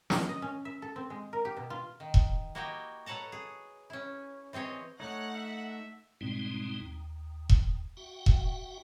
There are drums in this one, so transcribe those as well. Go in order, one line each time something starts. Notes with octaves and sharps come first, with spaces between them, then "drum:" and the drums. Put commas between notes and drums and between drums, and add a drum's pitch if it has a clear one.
C#4, drum: snare
D#5
C#4
E5
A4
C4
G#3
A#4
G4
B2
F4
D#3
drum: kick E1
A#3 E4 F#4 G4 D#5 G5
A4 B4 C#5 F#5 A5 A#5
G#4
C#4 E4
E3 C4 G#4 C#5 D#5
A3 D#4 C#5 F#5
E5
G#2 B2 G3 G#3 C4 D#4
D#2
drum: kick E1
F#4 E5 F#5 G5
drum: kick E1